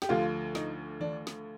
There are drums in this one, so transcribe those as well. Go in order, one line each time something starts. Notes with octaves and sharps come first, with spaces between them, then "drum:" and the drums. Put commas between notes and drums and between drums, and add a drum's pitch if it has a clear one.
G4, drum: snare
D2 D3 F3 F4
D#4, drum: snare
D4, drum: tom D#3
drum: snare